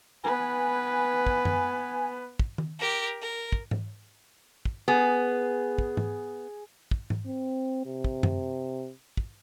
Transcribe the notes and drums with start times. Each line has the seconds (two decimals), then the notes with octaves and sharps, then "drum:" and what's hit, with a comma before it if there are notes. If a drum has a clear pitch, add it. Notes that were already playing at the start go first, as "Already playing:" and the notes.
0.23 B3 B4 G#5
1.27 drum: kick
1.45 drum: tom F#2
2.39 drum: kick
2.58 drum: tom D#3
2.79 G4 A#4
3.21 A#4
3.52 drum: kick
3.71 drum: tom G#2
4.65 drum: kick
4.88 B3 G#4
5.78 drum: kick
5.97 drum: tom G#2
6.91 drum: kick
7.10 drum: tom G#2
7.26 C4
7.86 C3
8.04 drum: kick
8.23 drum: tom F#2
9.17 drum: kick